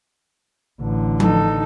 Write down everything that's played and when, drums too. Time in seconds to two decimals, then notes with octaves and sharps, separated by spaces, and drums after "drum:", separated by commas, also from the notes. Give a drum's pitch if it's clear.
0.81 A1 D3
1.20 D#4 A4, drum: tom F3